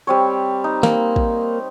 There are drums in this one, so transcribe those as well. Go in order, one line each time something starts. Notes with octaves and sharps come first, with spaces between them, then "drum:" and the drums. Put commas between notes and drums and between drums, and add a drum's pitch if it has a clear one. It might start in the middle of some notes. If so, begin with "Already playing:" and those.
G3 C4 C#5
D#4
A#3, drum: snare
drum: kick